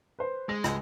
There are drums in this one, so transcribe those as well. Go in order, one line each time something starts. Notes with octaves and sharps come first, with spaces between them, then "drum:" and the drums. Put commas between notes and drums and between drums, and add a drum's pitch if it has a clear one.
B4 C5
G#3 A#6
C#2, drum: rim click